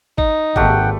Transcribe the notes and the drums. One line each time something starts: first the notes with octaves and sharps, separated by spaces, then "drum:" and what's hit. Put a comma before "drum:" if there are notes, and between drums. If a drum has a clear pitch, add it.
D#4, drum: kick
G#1 D#2 G3 A3 F#5 G5, drum: kick